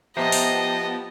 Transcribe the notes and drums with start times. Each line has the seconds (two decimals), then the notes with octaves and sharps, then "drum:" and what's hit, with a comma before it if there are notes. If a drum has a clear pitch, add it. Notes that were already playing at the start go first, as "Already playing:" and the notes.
0.17 F3 B3 G4 C5 D#5 E5 A5 A#5
0.32 drum: open hi-hat